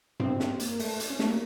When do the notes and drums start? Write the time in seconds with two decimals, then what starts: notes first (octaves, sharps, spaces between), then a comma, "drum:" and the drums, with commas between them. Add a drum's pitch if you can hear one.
0.20 C4, drum: tom G2
0.40 drum: snare
0.60 A#3, drum: hi-hat
0.79 A3, drum: open hi-hat
1.00 drum: hi-hat
1.10 C#4
1.19 A3, drum: snare
1.30 A#3